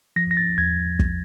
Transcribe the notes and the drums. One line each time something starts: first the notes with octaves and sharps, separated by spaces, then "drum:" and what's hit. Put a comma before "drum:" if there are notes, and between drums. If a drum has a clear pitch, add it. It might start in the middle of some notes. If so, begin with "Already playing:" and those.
F3 A#6
A#6
A6
E2 G#6
drum: kick